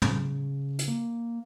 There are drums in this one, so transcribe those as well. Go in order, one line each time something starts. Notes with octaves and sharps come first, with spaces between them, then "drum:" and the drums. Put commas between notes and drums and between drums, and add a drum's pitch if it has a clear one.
C#3, drum: tom
drum: hi-hat
A#3